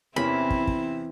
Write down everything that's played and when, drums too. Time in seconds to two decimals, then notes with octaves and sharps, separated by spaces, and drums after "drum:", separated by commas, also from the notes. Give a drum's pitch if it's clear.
0.16 E2 C3 E3 C4 C#4 E4 A#4 B5
0.50 drum: kick
0.67 drum: kick